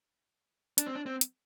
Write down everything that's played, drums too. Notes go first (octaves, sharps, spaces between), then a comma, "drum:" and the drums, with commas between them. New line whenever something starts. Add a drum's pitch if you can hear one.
D4, drum: hi-hat
C4
D4
C4
drum: hi-hat